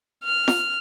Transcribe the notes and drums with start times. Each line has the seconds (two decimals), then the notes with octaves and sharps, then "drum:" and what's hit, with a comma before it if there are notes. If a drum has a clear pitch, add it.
0.24 F6
0.48 drum: snare